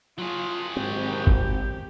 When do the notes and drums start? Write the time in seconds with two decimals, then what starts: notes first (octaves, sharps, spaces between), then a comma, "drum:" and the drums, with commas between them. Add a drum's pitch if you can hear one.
0.18 F#3 F4 G#4
0.76 G#1 C4 G4
1.27 drum: kick G1